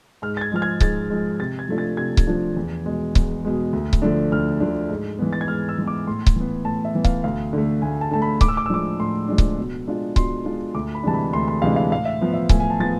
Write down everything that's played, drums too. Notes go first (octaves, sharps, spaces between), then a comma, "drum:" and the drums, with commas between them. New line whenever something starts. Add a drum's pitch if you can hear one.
G#2 F6
A6
G#6
F3 G#3 F6
G#6
G#2 A6, drum: kick C#1
F3 G#3
C3 A6
G#6
F3 A3 D4 F4
A6
C3 G#6
drum: kick C#1
F3 A3 D4 F4
E2
B2 G#3
E2, drum: kick C#1
B2 G#3
D2
drum: kick C#1
D3 F3 A3 D4
D2 F6
D3 F3 A3 D4
G#2
E3 G#3 B3
A6
G#6
G#2 F6
E6
E3 G#3 B3
D6
A2 C6
drum: kick C#1
E3 B3
A2 A5
E5
E3 B3
F5, drum: kick C#1
D2 F5
D3 A3
D2 G#5
A5
D3 A3 A5
B5
A2 D6, drum: kick C#1
E6
D6
E6
F3 G#3 D4 D6
A2 C6
F3 G#3 D4
drum: kick C#1
B2
G#3 D4 F4
B2 C6, drum: kick C#1
G#3 D4 F4
D2 D6
B5
C3 E3 G#3 D4 A5
B5
D2 C6
C6
C3 E3 G#3 D4 F5
F5
A2 F5
E5
F3 B3
E5
A2 G#5, drum: kick C#1
G#5
A5
F3 B3 A6